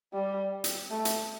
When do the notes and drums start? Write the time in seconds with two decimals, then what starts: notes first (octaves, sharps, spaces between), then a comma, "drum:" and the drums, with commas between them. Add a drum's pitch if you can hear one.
0.13 G3
0.64 drum: hi-hat
0.90 A3
1.05 drum: hi-hat